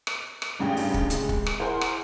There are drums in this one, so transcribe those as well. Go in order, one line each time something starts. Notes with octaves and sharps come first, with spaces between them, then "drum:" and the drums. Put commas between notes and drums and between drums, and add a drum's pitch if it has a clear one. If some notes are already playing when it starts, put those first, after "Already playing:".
drum: rim click
drum: rim click
A1 G2 C#3 G5
drum: open hi-hat
drum: kick
C3 G#3, drum: hi-hat
drum: kick
drum: rim click
E4 G#4 A#4 C5 F#5 C6
drum: rim click